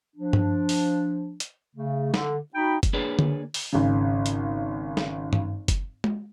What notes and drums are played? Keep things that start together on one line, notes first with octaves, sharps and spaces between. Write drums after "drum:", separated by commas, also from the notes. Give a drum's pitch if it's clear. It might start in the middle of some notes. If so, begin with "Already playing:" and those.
F3 D4
drum: tom G2
drum: open hi-hat
drum: hi-hat
C#3 A3
D3, drum: snare
D#4 F#4 G5 B5
drum: kick F#1, hi-hat
A#3 D4 G#4 B4 C#5 D5
drum: tom D3
drum: open hi-hat
G#1 C#3
drum: hi-hat
drum: snare
drum: tom G2
drum: kick F#1, hi-hat
drum: tom G#3